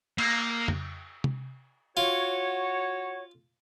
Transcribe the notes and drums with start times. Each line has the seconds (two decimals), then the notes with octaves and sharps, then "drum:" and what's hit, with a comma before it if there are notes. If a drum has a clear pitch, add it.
0.18 A#3, drum: cymbal
0.68 drum: tom F2
1.24 drum: tom C3
1.97 F4 F#4 C#5